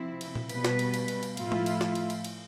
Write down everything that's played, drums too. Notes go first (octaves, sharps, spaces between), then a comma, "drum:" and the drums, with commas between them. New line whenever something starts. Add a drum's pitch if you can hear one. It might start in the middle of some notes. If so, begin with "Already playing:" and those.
Already playing: C3 F3 C4 E4
drum: cymbal
drum: tom A#2
B2 G3 B3 B4, drum: cymbal
drum: snare
drum: cymbal
drum: cymbal
drum: cymbal
drum: cymbal
A2 F3 A3 E4 F4, drum: cymbal
drum: tom
drum: cymbal
drum: snare
drum: cymbal
drum: cymbal
drum: cymbal